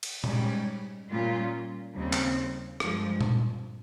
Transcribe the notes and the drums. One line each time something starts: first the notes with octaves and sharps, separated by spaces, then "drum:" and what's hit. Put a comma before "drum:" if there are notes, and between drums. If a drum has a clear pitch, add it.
drum: cymbal
G#2 G3 C#4, drum: tom A#2
A#2 G3 C#4 F4
D#2 C#3 G3 C4
drum: clap
G2 F3 G#3, drum: rim click
drum: tom A#2